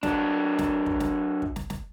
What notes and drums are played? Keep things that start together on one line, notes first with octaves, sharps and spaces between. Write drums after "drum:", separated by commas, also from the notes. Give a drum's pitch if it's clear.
F#3 D4, drum: snare
drum: snare
drum: kick
drum: snare
drum: kick
drum: snare
drum: snare